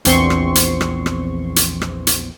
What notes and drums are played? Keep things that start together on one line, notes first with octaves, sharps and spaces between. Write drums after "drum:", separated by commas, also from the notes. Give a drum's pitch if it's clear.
A#1 E2 C4 C6 C#6, drum: hi-hat
drum: rim click
drum: hi-hat
drum: rim click
drum: rim click
drum: hi-hat
drum: rim click
drum: hi-hat